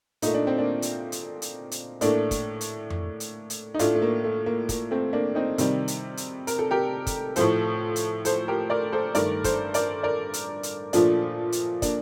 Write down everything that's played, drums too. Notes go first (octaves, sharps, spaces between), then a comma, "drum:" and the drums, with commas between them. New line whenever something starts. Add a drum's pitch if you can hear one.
A#2 A3 D#4, drum: hi-hat
D4
C4
A#3 D4
drum: hi-hat
drum: hi-hat
drum: hi-hat
drum: hi-hat
A2 A3 A#3 D4, drum: hi-hat
drum: kick, hi-hat
drum: hi-hat
drum: tom F2
drum: hi-hat
drum: hi-hat
D#4
A2 A3 D4 F4, drum: hi-hat
A3
A#3
A3
A#3
A#3, drum: kick, hi-hat
A3 C4
A#3 D4
C4 D#4
C3 D#3 G3, drum: hi-hat
drum: hi-hat
drum: hi-hat
A#4, drum: hi-hat
A4
G4 A#4
drum: kick, hi-hat
A2 F3 A3 A4 C5, drum: hi-hat
drum: hi-hat
A4 C5, drum: hi-hat
G4 A#4
A#4 D5
A4 C5
G2 D#3 A3 A#4 D5, drum: hi-hat
A4 C5, drum: kick, hi-hat
A#4 D5, drum: hi-hat
A#4 D5
drum: hi-hat
drum: hi-hat
A#2 F3 A3 D4 F4, drum: hi-hat
drum: hi-hat
A#3 D4, drum: kick, hi-hat